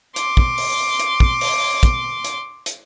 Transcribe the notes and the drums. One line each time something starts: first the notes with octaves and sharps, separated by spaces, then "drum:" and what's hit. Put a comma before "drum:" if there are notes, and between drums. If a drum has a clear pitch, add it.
C6 D6, drum: hi-hat
drum: kick
drum: open hi-hat
drum: hi-hat
drum: kick
drum: open hi-hat
drum: kick, hi-hat
drum: hi-hat
drum: hi-hat